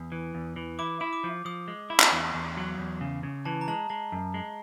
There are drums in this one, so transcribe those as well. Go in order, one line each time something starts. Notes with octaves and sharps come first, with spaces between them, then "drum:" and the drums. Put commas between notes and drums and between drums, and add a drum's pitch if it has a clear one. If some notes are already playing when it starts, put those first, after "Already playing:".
Already playing: E2 D#6
E3
E2
E3
E4 D6
E4 D#6
D6
F3
F3 D#6
G#3
E4
drum: clap
E2 D#6
E2
F#3
E2
C#3
C#3
E3 A5
A#5
G#3 A5
G#3 A5
F#2
G#3